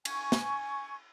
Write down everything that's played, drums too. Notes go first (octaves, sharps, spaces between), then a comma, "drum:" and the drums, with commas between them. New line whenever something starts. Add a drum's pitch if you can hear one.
G#5 C#6, drum: cymbal
drum: snare